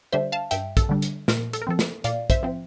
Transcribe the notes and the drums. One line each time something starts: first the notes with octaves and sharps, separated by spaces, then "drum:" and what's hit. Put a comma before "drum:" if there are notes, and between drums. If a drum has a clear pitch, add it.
D3 G3 D4 C5 E5
F5 A5
G2 E5 G5, drum: hi-hat
A4, drum: kick, hi-hat
D3 G3 D4
drum: hi-hat
A#2 A#4, drum: snare
A4, drum: hi-hat
A#4
F3 C4 A4
drum: snare
A#2 D5 F5, drum: hi-hat
C5 E5, drum: kick, hi-hat
F3 C4